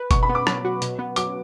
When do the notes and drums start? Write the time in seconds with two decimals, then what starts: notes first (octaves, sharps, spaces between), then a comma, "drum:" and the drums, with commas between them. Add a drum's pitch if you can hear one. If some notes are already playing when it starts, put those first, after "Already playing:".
Already playing: B4
0.11 B2 C#6, drum: kick F#1, hi-hat
0.23 B5
0.29 B3
0.35 D6
0.47 F#3, drum: rim click
0.65 F#4
0.82 B2, drum: hi-hat
0.99 B3
1.16 F#3 D6, drum: hi-hat